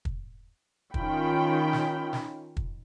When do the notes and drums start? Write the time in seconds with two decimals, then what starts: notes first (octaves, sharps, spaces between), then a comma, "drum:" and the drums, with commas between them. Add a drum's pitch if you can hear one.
0.05 drum: kick
0.94 D#3 C#4 F4 G5 B5, drum: kick
1.73 drum: snare
2.13 drum: snare
2.57 drum: kick